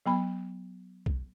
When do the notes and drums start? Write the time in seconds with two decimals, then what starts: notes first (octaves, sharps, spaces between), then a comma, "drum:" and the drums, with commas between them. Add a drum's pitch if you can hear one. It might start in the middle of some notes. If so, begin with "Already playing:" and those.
0.06 F#3 B3 B5
1.06 drum: kick B1